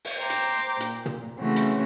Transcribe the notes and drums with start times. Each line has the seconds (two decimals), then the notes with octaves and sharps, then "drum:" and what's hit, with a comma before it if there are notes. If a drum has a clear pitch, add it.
0.05 drum: open hi-hat
0.20 C5 G5 A#5 D6
0.30 drum: hi-hat
0.80 A#2, drum: hi-hat
1.06 drum: tom
1.39 C#3 E3 A3 C4 C#4 F#4
1.56 drum: hi-hat